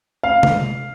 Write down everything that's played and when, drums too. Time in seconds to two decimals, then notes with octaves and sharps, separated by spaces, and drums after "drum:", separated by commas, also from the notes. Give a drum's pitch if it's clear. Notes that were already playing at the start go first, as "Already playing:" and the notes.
0.23 F5
0.43 drum: tom C3